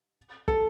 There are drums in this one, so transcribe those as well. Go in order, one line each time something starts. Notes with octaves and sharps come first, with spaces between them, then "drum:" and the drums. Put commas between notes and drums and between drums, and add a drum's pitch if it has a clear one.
A4, drum: kick